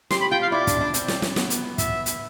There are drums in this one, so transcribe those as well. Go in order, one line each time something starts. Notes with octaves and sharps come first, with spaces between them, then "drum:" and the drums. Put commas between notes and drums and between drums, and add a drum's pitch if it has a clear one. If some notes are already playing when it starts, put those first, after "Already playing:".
G4 C6, drum: snare
B5
F4 G5
F5
E4 D5
D4, drum: kick, hi-hat
D4
C4, drum: hi-hat
drum: snare
drum: snare
B3, drum: snare
drum: hi-hat
E5, drum: kick, hi-hat
drum: hi-hat